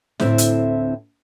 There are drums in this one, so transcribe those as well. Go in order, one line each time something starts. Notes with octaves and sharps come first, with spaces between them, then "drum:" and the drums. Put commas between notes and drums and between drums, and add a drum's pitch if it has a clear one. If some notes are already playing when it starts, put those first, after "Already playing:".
D2 A2 C4 E4 C5 E5, drum: snare
drum: hi-hat